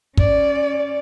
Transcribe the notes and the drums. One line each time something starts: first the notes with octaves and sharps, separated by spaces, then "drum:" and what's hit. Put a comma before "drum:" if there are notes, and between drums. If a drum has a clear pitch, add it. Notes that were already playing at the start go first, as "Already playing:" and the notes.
C#4 D5, drum: kick